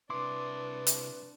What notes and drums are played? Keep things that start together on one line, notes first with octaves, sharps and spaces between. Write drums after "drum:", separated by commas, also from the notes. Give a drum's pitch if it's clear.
C3 D4 E4 B4 C6 D6
drum: hi-hat